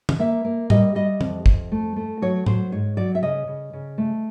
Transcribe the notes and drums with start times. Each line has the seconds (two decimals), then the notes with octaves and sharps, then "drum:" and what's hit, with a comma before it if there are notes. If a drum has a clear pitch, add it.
0.09 drum: tom
0.19 A#3 E5
0.45 A#3
0.70 G3 D#5, drum: tom
0.95 G3 D#5
1.21 F2, drum: tom
1.46 F2, drum: kick
1.72 A3
1.96 A3
2.22 F#3 C#5
2.46 F#3 C5, drum: tom
2.72 G#2 C#5
2.97 F#3 D5
3.15 E5
3.22 C#3 D#5
3.47 C#3
3.73 C#3
3.98 A3